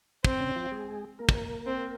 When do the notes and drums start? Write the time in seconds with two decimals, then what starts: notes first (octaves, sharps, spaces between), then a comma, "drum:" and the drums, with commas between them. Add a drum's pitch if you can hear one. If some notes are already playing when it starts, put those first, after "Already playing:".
0.25 C4, drum: kick
0.40 C#3 C#4
0.56 F3 F4
0.71 G#3 G#4
1.19 A#3 A#4
1.29 drum: kick
1.66 C4